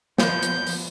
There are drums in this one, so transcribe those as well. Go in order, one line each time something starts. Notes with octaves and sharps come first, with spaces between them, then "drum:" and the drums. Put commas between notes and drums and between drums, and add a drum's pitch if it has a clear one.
F3 B3 G6, drum: snare
drum: hi-hat
drum: open hi-hat